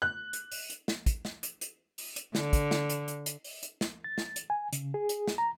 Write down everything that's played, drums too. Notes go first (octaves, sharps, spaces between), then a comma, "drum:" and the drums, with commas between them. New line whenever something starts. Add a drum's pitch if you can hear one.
F#6
drum: hi-hat
drum: open hi-hat
drum: hi-hat
drum: snare
drum: kick, hi-hat
drum: snare
drum: hi-hat
drum: hi-hat
drum: open hi-hat
drum: hi-hat
D3, drum: snare
drum: kick, hi-hat
drum: snare
drum: hi-hat
drum: hi-hat
drum: hi-hat
drum: open hi-hat
drum: hi-hat
drum: snare
A6
drum: snare
drum: hi-hat
G#5
C#3, drum: hi-hat
G#4
drum: hi-hat
drum: snare
A#5